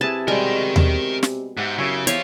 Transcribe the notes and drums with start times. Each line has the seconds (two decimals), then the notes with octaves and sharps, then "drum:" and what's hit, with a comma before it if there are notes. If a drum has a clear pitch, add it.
0.01 C3 E4 G#4 B4 A5
0.28 B2 G3 G#3 A#4 G5
0.76 drum: tom D#2
1.23 drum: snare
1.57 G#2 G4 E5 F#5
1.78 F#2 C#3 E4 C#5 E5
2.07 E2 G4 C5 C#5 E5 F5, drum: hi-hat